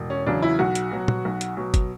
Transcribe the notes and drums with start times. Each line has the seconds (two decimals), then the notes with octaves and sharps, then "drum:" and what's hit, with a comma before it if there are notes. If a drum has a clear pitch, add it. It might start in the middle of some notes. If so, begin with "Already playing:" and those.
Already playing: E1
0.10 C#4
0.26 E2 C#3 F#3 D4
0.42 E4
0.59 B1 F#4
0.75 drum: hi-hat
0.91 B2 F#3
1.08 drum: tom
1.25 B1
1.41 drum: hi-hat
1.57 B2 F#3
1.74 drum: kick, hi-hat